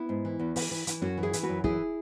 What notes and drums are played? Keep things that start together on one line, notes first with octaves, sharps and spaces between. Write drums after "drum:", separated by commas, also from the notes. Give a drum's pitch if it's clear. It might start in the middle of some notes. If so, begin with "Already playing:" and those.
Already playing: B3 E4
G#2
E3
E2
E3, drum: open hi-hat
E3
E3, drum: hi-hat
F#2 C#4 F#4
E3
E4 G#4
E3, drum: hi-hat
F#4 B4
F#2
E3 E4 G#4, drum: kick